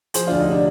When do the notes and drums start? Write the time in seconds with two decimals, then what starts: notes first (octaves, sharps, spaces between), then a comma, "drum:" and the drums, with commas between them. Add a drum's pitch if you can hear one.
0.14 F3 G#4 C5, drum: hi-hat
0.27 D2 D4 F4
0.40 D#4
0.47 C3 D4